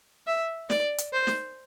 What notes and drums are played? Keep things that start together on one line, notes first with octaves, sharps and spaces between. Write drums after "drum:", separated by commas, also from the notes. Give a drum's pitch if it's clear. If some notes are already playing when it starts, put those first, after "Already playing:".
E5
D5, drum: snare
drum: hi-hat
C5
drum: snare